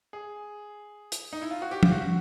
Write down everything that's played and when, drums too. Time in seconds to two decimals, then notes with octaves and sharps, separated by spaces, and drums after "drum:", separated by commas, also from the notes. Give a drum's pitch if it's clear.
0.13 G#4
1.12 drum: hi-hat
1.33 D#4
1.42 E4
1.51 F4
1.62 F#4
1.71 G4
1.83 F4, drum: tom
1.91 F#4